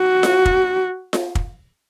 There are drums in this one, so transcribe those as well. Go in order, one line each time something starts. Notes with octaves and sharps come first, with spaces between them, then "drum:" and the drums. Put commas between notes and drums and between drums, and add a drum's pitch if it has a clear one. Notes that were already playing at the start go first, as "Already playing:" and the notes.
Already playing: F#4
drum: snare F4
drum: kick
drum: snare F4
drum: kick